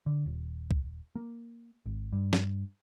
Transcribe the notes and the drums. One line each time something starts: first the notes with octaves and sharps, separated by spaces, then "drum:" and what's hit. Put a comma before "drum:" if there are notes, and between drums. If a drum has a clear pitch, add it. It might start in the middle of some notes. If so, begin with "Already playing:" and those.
D3
D#1
drum: kick C2
A#3
G#1
G2
drum: snare